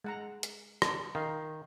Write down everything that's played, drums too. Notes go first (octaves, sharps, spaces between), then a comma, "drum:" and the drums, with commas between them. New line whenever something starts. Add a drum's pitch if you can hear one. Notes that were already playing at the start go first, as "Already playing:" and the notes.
G#3 F#5 A#5
drum: hi-hat
drum: rim click
D#3 F5